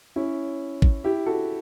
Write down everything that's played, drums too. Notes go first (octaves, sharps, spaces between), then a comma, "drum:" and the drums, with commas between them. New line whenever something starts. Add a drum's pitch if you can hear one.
C#4 E4
drum: kick
E4 G4
F#4 A4